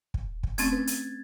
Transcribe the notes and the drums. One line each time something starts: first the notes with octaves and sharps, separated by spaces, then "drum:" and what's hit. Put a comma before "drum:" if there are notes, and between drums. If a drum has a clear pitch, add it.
drum: kick
drum: kick
A3 C4 C#4 G#6 A6, drum: hi-hat
B4
drum: hi-hat